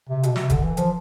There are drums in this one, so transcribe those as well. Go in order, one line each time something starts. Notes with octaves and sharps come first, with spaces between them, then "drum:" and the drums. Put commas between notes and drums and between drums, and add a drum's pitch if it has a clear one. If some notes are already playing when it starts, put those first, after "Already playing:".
C3
B2, drum: hi-hat
C3, drum: snare
D3, drum: kick, hi-hat
E3
F3, drum: hi-hat